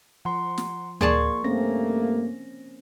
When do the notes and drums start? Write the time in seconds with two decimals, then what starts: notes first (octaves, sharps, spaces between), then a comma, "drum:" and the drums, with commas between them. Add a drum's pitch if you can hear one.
0.25 F3 F#5 A#5 C6
0.58 drum: snare
1.01 A#3 G#4 D5 A5 C6 C#6, drum: tom D2
1.44 G2 A3 A#3 C4 C#4 A#6